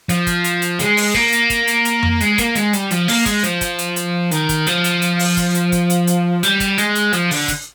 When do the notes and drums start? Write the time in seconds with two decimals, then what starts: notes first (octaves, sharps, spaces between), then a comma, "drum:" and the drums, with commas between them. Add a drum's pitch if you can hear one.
0.09 F3, drum: hi-hat
0.27 drum: kick, hi-hat
0.44 drum: hi-hat
0.62 drum: hi-hat
0.79 G#3, drum: hi-hat
0.97 drum: open hi-hat
1.14 A#3, drum: kick
1.32 drum: hi-hat
1.50 drum: kick, hi-hat
1.67 drum: hi-hat
1.85 drum: hi-hat
2.03 drum: tom F2
2.20 G#3, drum: hi-hat
2.38 A#3, drum: kick, hi-hat
2.55 G#3, drum: hi-hat
2.73 G3, drum: hi-hat
2.91 F3, drum: hi-hat
3.08 A#3, drum: open hi-hat
3.26 G#3, drum: kick, hi-hat
3.43 F3, drum: hi-hat
3.61 drum: kick, hi-hat
3.79 drum: hi-hat
3.96 drum: hi-hat
4.31 D#3, drum: hi-hat
4.49 drum: kick, hi-hat
4.67 F3, drum: hi-hat
4.84 drum: hi-hat
5.02 drum: hi-hat
5.19 drum: open hi-hat
5.37 drum: kick, hi-hat
5.55 drum: hi-hat
5.72 drum: kick, hi-hat
5.90 drum: hi-hat
6.07 drum: hi-hat
6.43 G3, drum: hi-hat
6.60 drum: kick, hi-hat
6.78 G#3, drum: hi-hat
6.95 drum: hi-hat
7.13 F3, drum: hi-hat
7.31 D3, drum: open hi-hat
7.48 drum: kick, hi-hat